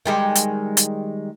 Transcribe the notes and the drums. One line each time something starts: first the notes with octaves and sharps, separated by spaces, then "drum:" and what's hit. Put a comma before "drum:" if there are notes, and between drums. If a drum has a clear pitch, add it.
D#3 G3 G#3
drum: hi-hat
drum: hi-hat